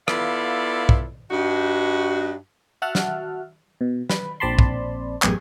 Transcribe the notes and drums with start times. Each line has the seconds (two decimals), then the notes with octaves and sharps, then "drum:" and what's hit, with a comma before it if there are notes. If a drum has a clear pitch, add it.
0.08 B3 E4 F4 A4 D5 F5, drum: rim click
0.89 drum: kick
1.31 G2 D#4 F#4
2.82 F#4 E5 F#5 A5 F6
2.95 drum: snare
3.81 B2
4.10 B4, drum: snare
4.40 A#1 C4 D5 A5 B5 C6
4.59 drum: kick
5.22 A1 F#2 B2 G4 G#4 G#5, drum: clap